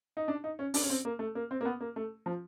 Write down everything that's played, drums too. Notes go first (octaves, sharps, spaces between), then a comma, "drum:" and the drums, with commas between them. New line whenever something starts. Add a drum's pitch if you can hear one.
D#4
D4
D#4
C#4
D4, drum: open hi-hat
C#4
C4
A#3
A3
A#3
C4
A#3
B3
A#3
A3
F3